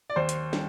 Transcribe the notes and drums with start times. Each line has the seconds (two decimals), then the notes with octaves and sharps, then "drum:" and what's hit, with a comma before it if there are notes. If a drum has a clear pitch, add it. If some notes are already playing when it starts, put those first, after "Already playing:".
0.10 D5
0.16 D#2 C5
0.29 drum: hi-hat
0.53 G3, drum: snare